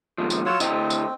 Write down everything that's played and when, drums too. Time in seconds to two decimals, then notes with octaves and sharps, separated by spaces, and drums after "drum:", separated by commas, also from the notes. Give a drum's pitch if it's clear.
0.18 D#2 G#2 F3
0.30 drum: tambourine
0.46 F#3 F4 C#5 E6
0.60 D2 C4 E4 D#5, drum: tambourine
0.90 drum: tambourine